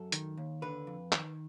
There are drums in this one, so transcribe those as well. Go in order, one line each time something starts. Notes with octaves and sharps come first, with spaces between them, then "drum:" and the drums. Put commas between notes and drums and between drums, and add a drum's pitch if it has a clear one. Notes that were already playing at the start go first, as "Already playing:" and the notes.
Already playing: F#2 A4
D#3, drum: hi-hat
D#2
D3 B4
F2
D#3, drum: clap